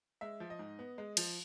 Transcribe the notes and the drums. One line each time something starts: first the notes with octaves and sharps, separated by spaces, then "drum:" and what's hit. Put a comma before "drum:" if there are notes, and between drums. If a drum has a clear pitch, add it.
G#3 E5
F3
D#5
G#2
B3
G#3
F3, drum: cymbal